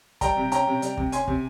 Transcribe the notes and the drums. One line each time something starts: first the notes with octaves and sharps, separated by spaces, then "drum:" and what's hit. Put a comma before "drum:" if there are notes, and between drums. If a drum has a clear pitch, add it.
G3 G5 A#5, drum: kick, hi-hat
C3
C#4 G5 A#5, drum: hi-hat
C3
G3, drum: hi-hat
C3, drum: kick
C#4 G#5 C6, drum: hi-hat
C3, drum: kick